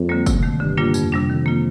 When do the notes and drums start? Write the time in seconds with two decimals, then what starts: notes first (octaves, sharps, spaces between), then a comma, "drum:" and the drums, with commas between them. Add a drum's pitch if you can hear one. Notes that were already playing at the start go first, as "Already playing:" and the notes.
Already playing: F2
0.09 D3 G3 A#3
0.26 C3, drum: kick, tambourine
0.43 D#3 A3
0.60 G2 D3
0.77 G3 A#3 D4 F4
0.94 F2, drum: tambourine
1.12 C3 G3 D4
1.29 F2 D#3
1.46 A#3 F4